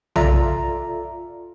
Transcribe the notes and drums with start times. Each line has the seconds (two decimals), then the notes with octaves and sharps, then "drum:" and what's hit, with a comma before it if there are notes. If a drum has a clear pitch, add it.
0.16 F4 A4 D5 E5 A#5, drum: tom B1